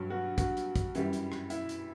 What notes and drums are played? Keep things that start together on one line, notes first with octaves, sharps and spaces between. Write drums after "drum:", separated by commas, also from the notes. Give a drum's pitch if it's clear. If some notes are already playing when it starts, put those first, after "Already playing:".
Already playing: G2 F#3
F#4
F#4, drum: kick, hi-hat
drum: hi-hat
drum: kick, hi-hat
F#2 E3 G3, drum: hi-hat
drum: hi-hat
drum: rim click
E4, drum: hi-hat
drum: hi-hat